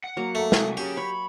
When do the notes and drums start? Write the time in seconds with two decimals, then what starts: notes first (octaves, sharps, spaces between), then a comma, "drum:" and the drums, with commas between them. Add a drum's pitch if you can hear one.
0.04 F#5
0.17 F#3 A#3
0.35 A3
0.52 C2 F#5 G#5, drum: snare
0.77 C#4 G4 G#4
0.97 C#5 B5